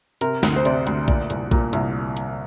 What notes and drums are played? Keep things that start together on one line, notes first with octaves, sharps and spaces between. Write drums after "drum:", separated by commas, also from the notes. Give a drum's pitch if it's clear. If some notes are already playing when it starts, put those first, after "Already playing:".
C3 A#4, drum: hi-hat
D2, drum: snare
C5
C3 D5, drum: hi-hat
D2, drum: hi-hat
A#2 D5, drum: kick A#1
C2, drum: hi-hat
A#2, drum: kick A#1
C2, drum: hi-hat
drum: hi-hat